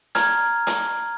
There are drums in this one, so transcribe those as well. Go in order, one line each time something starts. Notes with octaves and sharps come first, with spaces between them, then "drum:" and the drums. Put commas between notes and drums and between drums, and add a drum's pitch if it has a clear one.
A#5 F6 G#6, drum: hi-hat
drum: hi-hat